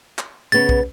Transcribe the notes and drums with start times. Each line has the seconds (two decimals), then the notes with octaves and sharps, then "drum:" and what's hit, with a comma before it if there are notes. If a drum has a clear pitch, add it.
0.19 drum: clap
0.52 C#3 B3 A6
0.69 drum: kick B1